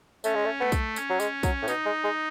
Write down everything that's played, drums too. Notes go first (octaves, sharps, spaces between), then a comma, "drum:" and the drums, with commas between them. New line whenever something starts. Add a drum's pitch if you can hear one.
A3 C#4, drum: tambourine
G#3
A3
A3 B3
drum: kick, tambourine
C#4, drum: tambourine
F#3
G#3, drum: tambourine
F#3, drum: kick, tambourine
A2
B2 D#4, drum: tambourine
G#3
G#3